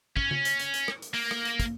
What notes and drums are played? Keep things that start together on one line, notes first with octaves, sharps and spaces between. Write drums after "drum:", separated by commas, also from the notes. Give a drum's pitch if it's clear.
C#4, drum: kick
drum: tom C#3
drum: hi-hat
drum: hi-hat
drum: hi-hat
drum: rim click
drum: hi-hat
A#3, drum: open hi-hat
drum: rim click
drum: hi-hat
drum: kick, hi-hat